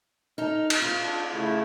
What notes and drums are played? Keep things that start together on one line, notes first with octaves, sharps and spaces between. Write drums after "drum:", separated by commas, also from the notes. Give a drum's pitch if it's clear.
D#4 A4 F6
drum: cymbal
F4
D4
C#3 A3 E4